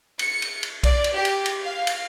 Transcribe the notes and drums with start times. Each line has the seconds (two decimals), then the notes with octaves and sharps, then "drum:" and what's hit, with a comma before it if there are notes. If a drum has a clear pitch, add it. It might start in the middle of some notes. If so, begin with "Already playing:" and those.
0.19 C#7, drum: cymbal
0.42 drum: cymbal
0.63 drum: cymbal
0.83 D5, drum: kick B1, cymbal
1.04 drum: cymbal
1.14 G4
1.25 drum: cymbal
1.46 drum: cymbal
1.63 F5
1.87 drum: cymbal